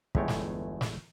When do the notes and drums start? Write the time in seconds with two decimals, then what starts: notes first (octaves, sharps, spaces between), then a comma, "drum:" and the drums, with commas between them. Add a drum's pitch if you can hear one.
0.15 G1 E2 G#3 A3 C#5 G5, drum: kick
0.28 drum: snare
0.81 drum: snare